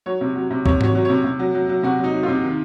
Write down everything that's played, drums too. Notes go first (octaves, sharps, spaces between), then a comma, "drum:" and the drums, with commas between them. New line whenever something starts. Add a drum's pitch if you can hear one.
F#3 C#5
C3
F#3
C3
C3 C#5, drum: kick
F#3 C#5, drum: tom G#2
F#3
C3 C#5
C3
F#3
F#3
F#3
C3 F#4
F#3 D#4
F#3
F4
C3
D#3